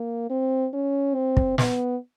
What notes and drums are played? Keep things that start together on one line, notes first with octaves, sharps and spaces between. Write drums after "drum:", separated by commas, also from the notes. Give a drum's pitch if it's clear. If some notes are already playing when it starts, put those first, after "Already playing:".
Already playing: A#3
C4
C#4
C4
drum: kick
B3, drum: snare